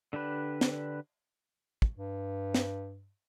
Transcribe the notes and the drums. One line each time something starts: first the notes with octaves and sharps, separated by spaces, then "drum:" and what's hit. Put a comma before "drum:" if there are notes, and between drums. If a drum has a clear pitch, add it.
D3 D4 G4 B4
drum: snare
drum: kick
G2
drum: snare